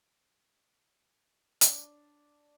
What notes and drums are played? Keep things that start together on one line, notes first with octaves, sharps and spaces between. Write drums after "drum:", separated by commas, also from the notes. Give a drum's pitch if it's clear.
D4, drum: hi-hat